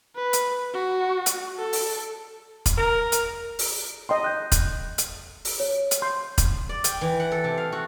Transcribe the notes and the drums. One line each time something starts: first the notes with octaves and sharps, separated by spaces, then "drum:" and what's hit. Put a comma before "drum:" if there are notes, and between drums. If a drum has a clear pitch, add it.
B4
drum: hi-hat
F#4
drum: hi-hat
A4
drum: open hi-hat
drum: kick, hi-hat
A#4
drum: hi-hat
drum: open hi-hat
D#5 G5 C6
F#6 G6
drum: kick, hi-hat
drum: hi-hat
drum: open hi-hat
C#5
drum: hi-hat
C6 G6
drum: kick, hi-hat
D5
G5, drum: hi-hat
E3
F#5
A4
C3
F5
F#4